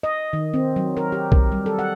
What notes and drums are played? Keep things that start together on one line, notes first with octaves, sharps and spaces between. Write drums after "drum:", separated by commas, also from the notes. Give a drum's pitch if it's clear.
D#5
D#3
C4
F#3
A#4
G4
A#4, drum: kick
G3
A4
F#5